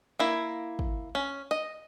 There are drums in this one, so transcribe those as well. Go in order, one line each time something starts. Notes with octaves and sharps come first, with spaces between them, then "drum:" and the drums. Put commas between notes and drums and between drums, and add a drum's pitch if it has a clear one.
A#3 E4
drum: kick
C#4
D#5